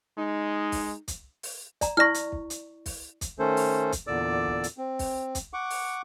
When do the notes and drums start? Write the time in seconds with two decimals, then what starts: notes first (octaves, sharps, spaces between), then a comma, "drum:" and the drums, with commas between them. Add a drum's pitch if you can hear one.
0.18 G#3 D#4
0.72 drum: kick, open hi-hat
1.08 drum: kick, hi-hat
1.43 drum: open hi-hat
1.81 D5 A#5, drum: kick, hi-hat
1.97 E4 D5 C#6 F6 A#6
2.14 drum: hi-hat
2.32 drum: kick
2.50 drum: hi-hat
2.86 drum: kick, open hi-hat
3.21 drum: kick, hi-hat
3.39 D#3 A3 C#4 A4 C5
3.57 drum: open hi-hat
3.92 drum: kick, hi-hat
4.07 E2 A#2 D3 D5 D6 E6
4.46 drum: kick
4.64 drum: hi-hat
4.78 C4
4.99 drum: kick, open hi-hat
5.35 drum: kick, hi-hat
5.53 F#5 C#6 D6
5.70 drum: open hi-hat